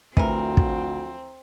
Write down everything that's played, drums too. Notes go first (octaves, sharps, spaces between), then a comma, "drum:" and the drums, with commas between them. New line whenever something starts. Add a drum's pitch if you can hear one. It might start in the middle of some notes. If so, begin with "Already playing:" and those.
D2 D3 E3 F3 C4 F#4 A#4, drum: kick
drum: kick